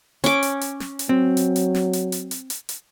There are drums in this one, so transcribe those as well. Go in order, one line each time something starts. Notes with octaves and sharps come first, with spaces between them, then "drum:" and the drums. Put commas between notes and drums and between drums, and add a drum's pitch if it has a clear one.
C#4 D6, drum: hi-hat
drum: hi-hat
drum: hi-hat
drum: snare
drum: hi-hat
F#3 C4
drum: hi-hat
drum: hi-hat
drum: snare
drum: hi-hat
drum: hi-hat
drum: hi-hat
drum: hi-hat
drum: hi-hat